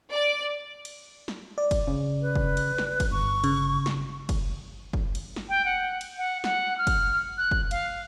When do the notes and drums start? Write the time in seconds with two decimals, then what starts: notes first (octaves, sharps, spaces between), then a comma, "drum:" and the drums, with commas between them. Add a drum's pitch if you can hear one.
0.11 D5
0.85 drum: cymbal
1.28 drum: snare
1.58 D5
1.71 drum: kick, cymbal
1.87 C#3
2.22 B4
2.35 drum: kick
2.57 drum: cymbal
2.78 drum: snare
3.00 drum: kick, cymbal
3.11 G1 C#6
3.44 C#3, drum: cymbal
3.86 drum: snare
4.29 drum: kick, cymbal
4.93 drum: kick
5.15 drum: cymbal
5.36 drum: snare
5.49 G5
5.65 F#5
6.01 drum: cymbal
6.18 F#5
6.44 F#5, drum: snare
6.78 F6
6.87 drum: kick, cymbal
7.38 F#6
7.51 drum: kick
7.71 F5, drum: cymbal